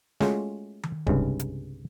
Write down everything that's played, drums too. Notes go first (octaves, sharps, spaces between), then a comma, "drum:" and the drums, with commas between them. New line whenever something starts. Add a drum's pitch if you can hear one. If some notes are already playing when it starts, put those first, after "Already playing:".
G#3 A3 C#4 F4 F#4, drum: snare
drum: tom D#3
C2 G2 C#3 G#3, drum: kick D#1
drum: hi-hat